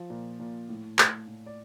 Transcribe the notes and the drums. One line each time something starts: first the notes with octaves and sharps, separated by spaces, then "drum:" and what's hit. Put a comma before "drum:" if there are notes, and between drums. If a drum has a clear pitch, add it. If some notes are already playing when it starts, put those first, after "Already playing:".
Already playing: F3
A#2
A#2
A2
A2, drum: clap
A2
D5